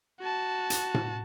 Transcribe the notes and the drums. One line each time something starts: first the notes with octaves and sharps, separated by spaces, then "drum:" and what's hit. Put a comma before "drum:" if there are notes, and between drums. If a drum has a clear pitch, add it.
F#4 A5
drum: hi-hat
drum: tom A2